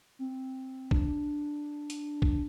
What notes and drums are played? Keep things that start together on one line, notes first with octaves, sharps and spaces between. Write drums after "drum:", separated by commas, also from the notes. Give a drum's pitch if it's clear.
C4
D4, drum: kick
drum: hi-hat
drum: kick